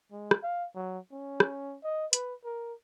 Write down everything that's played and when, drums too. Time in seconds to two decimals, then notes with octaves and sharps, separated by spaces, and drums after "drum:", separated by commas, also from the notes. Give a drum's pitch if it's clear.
0.11 G#3
0.31 drum: rim click
0.43 F5
0.75 F#3
1.12 C#4
1.40 drum: rim click
1.84 D#5
2.13 B4, drum: hi-hat
2.44 A#4